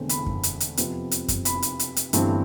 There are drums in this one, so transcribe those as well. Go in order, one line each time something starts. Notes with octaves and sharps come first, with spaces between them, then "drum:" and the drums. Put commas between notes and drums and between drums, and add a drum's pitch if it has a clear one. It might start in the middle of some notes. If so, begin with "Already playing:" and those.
Already playing: E1 E2 D3 A3 C4
B5, drum: hi-hat
drum: kick F#2
drum: hi-hat
drum: hi-hat
F2 C3 F3 B3, drum: hi-hat
drum: hi-hat
drum: kick F#2, hi-hat
B5, drum: hi-hat
drum: hi-hat
drum: hi-hat
drum: hi-hat
G1 G2 E3 A3 C4, drum: hi-hat